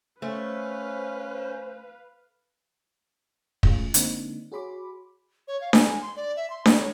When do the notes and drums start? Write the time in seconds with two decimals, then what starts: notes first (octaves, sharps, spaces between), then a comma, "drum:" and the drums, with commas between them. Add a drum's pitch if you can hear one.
0.22 A3 C#4 B4 C5 F5
3.63 G#3 A3 C#4 F4 G#4 F5, drum: kick
3.94 D3 G#3 A#3 C4 D4 D#4, drum: hi-hat
4.52 F#4 G#4 C#5 B5 C6 D6
5.48 C#5
5.61 F5
5.73 G#5, drum: snare D4
5.90 G#5
6.02 C6
6.16 D5
6.36 E5
6.50 C6
6.66 D5, drum: snare D4
6.79 C#5